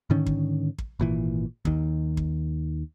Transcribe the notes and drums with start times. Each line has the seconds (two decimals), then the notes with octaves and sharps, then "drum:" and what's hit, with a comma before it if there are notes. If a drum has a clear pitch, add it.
0.10 G#2 D3 D#3 C#4
0.26 drum: kick
0.78 drum: kick
1.00 G#1 A#2 E3
1.65 D#2 D#3, drum: kick
2.17 drum: kick